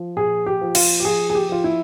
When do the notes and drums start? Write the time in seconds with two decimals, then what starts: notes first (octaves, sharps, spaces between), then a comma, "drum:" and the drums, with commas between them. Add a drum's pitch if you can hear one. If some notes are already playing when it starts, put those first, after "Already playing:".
Already playing: F3
0.16 A#2 G#4
0.46 G4
0.61 F3
0.75 F4, drum: cymbal
1.00 G4
1.05 F3 G#4
1.30 G#4
1.35 G4
1.49 F3 F4
1.64 E4